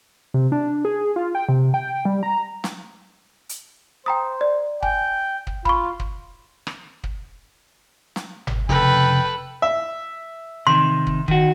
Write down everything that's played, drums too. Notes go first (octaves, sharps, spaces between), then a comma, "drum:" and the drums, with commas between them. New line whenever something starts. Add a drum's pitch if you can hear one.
C3
D4
G#4
F4
G5
C3
G5
G3
A#5
drum: snare
drum: hi-hat
C5 G5 A#5 D#6
D5
G5 G#5, drum: kick
drum: kick
F4 B5 C#6, drum: kick
drum: kick
drum: rim click
drum: kick
drum: snare
drum: tom G1
F1 C#3 A4 B4 G5
E5
C3 D#3 C6
drum: kick
D#3 F#4, drum: kick